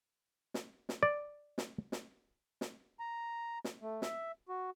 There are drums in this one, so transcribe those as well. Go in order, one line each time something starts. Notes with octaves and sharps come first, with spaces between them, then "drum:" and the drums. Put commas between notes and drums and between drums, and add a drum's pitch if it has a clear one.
drum: snare
drum: snare
D5
drum: snare
drum: snare
drum: snare
A#5
drum: snare
A3
E5, drum: snare
F#4